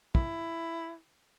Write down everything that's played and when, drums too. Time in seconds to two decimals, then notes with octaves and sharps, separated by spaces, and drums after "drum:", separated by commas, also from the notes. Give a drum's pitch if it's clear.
0.15 E4, drum: kick